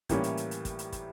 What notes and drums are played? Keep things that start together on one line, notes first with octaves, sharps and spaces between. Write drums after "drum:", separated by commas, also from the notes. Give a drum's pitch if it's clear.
A2 E3 G3 A#3 C#4, drum: kick, hi-hat
drum: hi-hat
drum: hi-hat
drum: hi-hat
drum: kick, hi-hat
drum: hi-hat
drum: kick, hi-hat